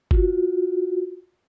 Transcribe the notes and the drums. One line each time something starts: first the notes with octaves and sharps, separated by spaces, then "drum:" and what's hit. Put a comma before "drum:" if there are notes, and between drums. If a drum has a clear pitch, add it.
F4 F#4, drum: kick